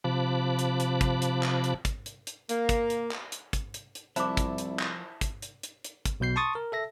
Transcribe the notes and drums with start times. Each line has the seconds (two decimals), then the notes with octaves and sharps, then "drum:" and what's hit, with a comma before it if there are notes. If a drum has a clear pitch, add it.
0.04 C3 F3 A5 B5 D6 F#6
0.59 drum: hi-hat
0.80 drum: hi-hat
1.01 drum: kick, hi-hat
1.22 drum: hi-hat
1.43 drum: clap
1.64 drum: hi-hat
1.85 drum: kick, hi-hat
2.06 drum: hi-hat
2.27 drum: hi-hat
2.49 A#3, drum: hi-hat
2.69 drum: kick, hi-hat
2.90 drum: hi-hat
3.11 drum: clap
3.32 drum: hi-hat
3.53 drum: kick, hi-hat
3.74 drum: hi-hat
3.95 drum: hi-hat
4.16 C2 F3 E4 C5 E5 A5 B5 D6, drum: hi-hat
4.37 drum: kick, hi-hat
4.58 drum: hi-hat
4.79 drum: clap
5.21 drum: kick, hi-hat
5.42 drum: hi-hat
5.63 drum: hi-hat
5.84 drum: hi-hat
6.05 drum: kick, hi-hat
6.20 B1 B2 G6 C7
6.36 A5 C6 C#6 D#6 A6
6.55 A#4
6.72 A4 E5 A#6